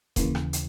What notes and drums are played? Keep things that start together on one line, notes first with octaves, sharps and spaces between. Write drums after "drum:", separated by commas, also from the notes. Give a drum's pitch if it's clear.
D#2 C#3 E3 A#3, drum: kick D#1, hi-hat
drum: rim click
drum: hi-hat